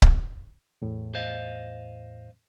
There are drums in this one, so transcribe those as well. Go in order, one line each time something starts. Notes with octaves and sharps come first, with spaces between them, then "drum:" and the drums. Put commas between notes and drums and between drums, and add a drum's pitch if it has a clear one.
drum: kick C#1
E2 A2
C5 D#5 F5